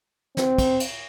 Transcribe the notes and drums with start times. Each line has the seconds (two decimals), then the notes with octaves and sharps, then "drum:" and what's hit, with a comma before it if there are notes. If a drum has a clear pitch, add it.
0.37 C4, drum: snare
0.58 drum: kick, cymbal
0.80 drum: cymbal